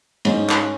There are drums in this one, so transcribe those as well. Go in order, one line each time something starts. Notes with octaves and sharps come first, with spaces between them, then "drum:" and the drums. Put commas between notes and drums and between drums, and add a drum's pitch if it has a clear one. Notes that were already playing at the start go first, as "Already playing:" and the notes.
G#2 C#4, drum: cymbal
drum: clap